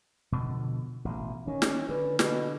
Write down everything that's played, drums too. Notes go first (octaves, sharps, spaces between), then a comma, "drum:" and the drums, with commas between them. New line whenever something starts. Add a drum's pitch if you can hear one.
B2 D3 F3
A1 B2
D#3 C#4
drum: snare
D3 B4
B2, drum: snare